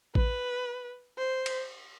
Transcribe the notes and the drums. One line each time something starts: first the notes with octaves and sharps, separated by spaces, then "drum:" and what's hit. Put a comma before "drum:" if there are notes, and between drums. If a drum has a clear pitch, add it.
B4, drum: kick A1
C5
drum: cymbal